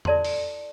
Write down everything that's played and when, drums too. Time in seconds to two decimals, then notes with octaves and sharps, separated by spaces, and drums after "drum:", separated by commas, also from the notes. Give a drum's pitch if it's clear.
0.05 E4 A4 D5 A5 C6, drum: tom E2
0.25 drum: open hi-hat